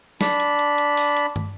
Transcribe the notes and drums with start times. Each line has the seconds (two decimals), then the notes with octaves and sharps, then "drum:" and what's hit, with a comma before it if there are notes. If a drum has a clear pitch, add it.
0.21 D4 B5, drum: snare
0.40 drum: hi-hat
0.59 drum: hi-hat
0.78 drum: hi-hat
0.97 drum: open hi-hat
1.17 drum: hi-hat
1.36 drum: tom